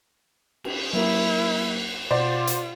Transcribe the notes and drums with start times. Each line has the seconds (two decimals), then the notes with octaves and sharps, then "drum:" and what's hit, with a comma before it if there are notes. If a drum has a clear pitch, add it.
0.64 drum: cymbal
0.93 F#3 A#3 E4 A#4, drum: cymbal
2.11 B2 F4 C5 D5 F#5
2.47 drum: hi-hat